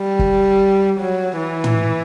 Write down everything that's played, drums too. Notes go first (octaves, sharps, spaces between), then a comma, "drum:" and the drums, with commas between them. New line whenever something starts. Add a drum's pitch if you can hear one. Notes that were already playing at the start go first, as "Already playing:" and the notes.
Already playing: G3
drum: kick
F#3
E3
drum: tom